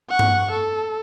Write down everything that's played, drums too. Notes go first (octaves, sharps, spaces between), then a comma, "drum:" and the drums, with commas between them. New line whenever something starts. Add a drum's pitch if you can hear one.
F#5 C#6
drum: tom G2
A4